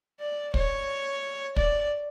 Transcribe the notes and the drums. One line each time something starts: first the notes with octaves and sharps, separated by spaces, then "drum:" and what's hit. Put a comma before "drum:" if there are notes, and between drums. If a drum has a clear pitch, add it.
D5
C#5, drum: kick
D5, drum: kick